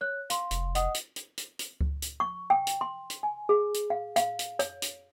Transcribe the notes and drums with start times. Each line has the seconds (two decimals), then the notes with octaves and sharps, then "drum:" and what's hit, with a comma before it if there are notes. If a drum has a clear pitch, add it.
0.01 C#5 F#6
0.30 F5 C6, drum: hi-hat
0.51 F1, drum: hi-hat
0.75 D#5 F#5 D#6, drum: hi-hat
0.94 drum: hi-hat
1.16 drum: hi-hat
1.37 drum: hi-hat
1.59 drum: hi-hat
1.81 drum: kick C#2
2.02 drum: hi-hat
2.20 C#6
2.50 G5
2.67 drum: hi-hat
2.81 C6
3.10 drum: hi-hat
3.23 G#5
3.49 G#4
3.74 drum: hi-hat
3.90 F5
4.16 F5, drum: hi-hat
4.39 drum: hi-hat
4.59 C#5, drum: hi-hat
4.82 drum: hi-hat